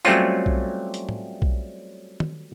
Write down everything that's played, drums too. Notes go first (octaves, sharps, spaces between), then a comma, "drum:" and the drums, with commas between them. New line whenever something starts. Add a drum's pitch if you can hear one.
F#3 G3 A3 C4 C#4 F4, drum: tambourine
drum: kick B1
drum: hi-hat
drum: tom
drum: kick B1
drum: tom